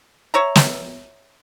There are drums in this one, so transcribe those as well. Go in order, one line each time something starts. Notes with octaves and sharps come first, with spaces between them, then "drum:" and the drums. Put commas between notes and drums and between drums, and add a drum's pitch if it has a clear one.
C#5 E5 A#5
drum: snare